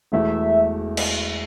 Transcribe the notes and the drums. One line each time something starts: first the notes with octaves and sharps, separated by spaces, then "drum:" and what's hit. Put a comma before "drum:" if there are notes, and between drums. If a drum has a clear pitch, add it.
E1 E2 B2 A3 E4 E5
drum: cymbal